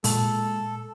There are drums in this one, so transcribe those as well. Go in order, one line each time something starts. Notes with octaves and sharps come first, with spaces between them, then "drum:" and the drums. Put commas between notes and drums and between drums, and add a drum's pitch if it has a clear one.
A#2 G#3 A4, drum: open hi-hat